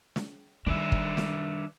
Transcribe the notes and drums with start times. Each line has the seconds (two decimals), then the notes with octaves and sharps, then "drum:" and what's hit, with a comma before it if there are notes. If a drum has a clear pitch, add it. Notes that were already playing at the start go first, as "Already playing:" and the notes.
0.16 drum: snare
0.66 D#3 G3 D4 B4 E5
0.92 drum: kick
1.17 drum: snare